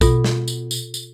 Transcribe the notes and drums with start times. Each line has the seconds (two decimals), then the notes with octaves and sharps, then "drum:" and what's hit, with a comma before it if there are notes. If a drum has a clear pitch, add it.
0.01 B2 F4 A4, drum: kick, tambourine
0.24 drum: snare
0.48 drum: tambourine
0.71 drum: tambourine
0.94 drum: tambourine